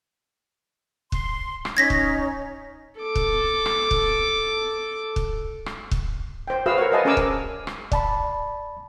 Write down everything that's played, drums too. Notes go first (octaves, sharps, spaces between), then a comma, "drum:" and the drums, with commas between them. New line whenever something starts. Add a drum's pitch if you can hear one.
C6, drum: kick
drum: rim click
C#4 D#4 C#5 G#6 A#6 B6
drum: kick
A4 D6
drum: kick
drum: rim click
drum: kick
drum: kick
drum: rim click
drum: kick
C5 G5
F#4 G#4 B4 E5 F5 E6
A#4 C#5
B4 C5 D#5 F5 G#5 A5
C#4 G#4 A#4 G#5 D6 E6
drum: kick
drum: rim click
D5 A5 B5, drum: kick